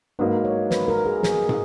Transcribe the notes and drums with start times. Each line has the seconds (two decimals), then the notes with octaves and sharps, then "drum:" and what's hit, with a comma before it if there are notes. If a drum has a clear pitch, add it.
0.19 G#2 F#3 A#3 D#4 B4
0.45 C#5
0.71 B4, drum: snare
0.88 A#4
1.06 G#4
1.23 G#4, drum: snare
1.49 drum: tom